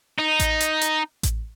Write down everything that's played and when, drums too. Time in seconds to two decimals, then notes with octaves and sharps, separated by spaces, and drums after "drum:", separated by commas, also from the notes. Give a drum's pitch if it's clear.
0.19 D#4
0.40 drum: kick A1, hi-hat
0.60 drum: hi-hat
0.81 drum: hi-hat
1.23 drum: kick A1, hi-hat